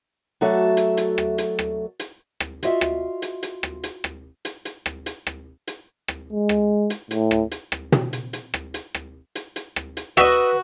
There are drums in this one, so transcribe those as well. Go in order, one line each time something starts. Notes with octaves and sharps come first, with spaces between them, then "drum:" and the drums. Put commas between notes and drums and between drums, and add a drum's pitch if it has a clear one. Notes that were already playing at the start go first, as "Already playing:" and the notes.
F#3 A3 F#4 A4 D5 E5
drum: hi-hat
drum: hi-hat
drum: rim click
drum: hi-hat
drum: rim click
drum: hi-hat
drum: rim click
F4 F#4 C5 D#5 E5, drum: hi-hat
drum: rim click
drum: hi-hat
drum: hi-hat
drum: rim click
drum: hi-hat
drum: rim click
drum: hi-hat
drum: hi-hat
drum: rim click
drum: hi-hat
drum: rim click
drum: hi-hat
drum: rim click
G#3
drum: rim click
drum: hi-hat
A2, drum: hi-hat
drum: rim click
drum: hi-hat
drum: rim click
drum: tom
drum: hi-hat
drum: hi-hat
drum: rim click
drum: hi-hat
drum: rim click
drum: hi-hat
drum: hi-hat
drum: rim click
drum: hi-hat
F#4 B4 D#5 E5, drum: rim click